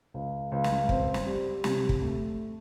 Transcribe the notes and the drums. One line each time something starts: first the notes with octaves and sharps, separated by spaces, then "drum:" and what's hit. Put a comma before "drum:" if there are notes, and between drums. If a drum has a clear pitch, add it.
C#2
C#2
drum: snare
C4, drum: kick
drum: snare
G3
C3, drum: snare
drum: kick
A3